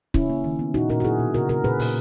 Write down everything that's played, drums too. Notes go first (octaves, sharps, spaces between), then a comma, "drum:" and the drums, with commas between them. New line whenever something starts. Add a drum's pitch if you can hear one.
C#3 C#4 E4, drum: kick C#1
A#3
D#3
B3
A#2 D#4 F#4
A#2 F#4 A#4
F#4
F#3 E4 G#4
B2
C#3 F#4 A#4
C#3 F#4 A#4
A#2 G#4 B4
A#2, drum: open hi-hat